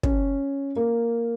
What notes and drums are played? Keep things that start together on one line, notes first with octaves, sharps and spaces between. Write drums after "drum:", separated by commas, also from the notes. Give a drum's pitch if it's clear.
C#4, drum: kick
A#3